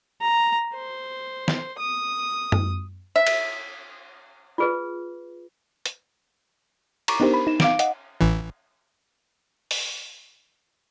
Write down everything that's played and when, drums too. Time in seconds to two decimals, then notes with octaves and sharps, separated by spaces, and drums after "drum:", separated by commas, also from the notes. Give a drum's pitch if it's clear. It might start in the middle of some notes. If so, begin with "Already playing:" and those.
0.21 A#5
0.75 C5
1.48 drum: snare
1.79 D#6
2.52 drum: tom F#2
3.16 E5
3.27 drum: cymbal
4.58 F4 G#4 B4
5.86 drum: hi-hat
7.08 A#5 C#6 D6, drum: cymbal
7.20 B3 D4 D#4 G4 A#4 C5
7.34 B5
7.47 D#4 E7
7.60 F5 D6 D7, drum: snare
7.79 D#5 F#5, drum: hi-hat
8.21 A1 E3
9.71 drum: open hi-hat